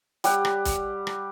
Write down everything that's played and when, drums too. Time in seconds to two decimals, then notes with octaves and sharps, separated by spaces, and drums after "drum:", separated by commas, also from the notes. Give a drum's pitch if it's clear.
0.24 G3 G4 F#5, drum: hi-hat
0.45 drum: rim click
0.65 drum: kick, hi-hat
1.07 drum: rim click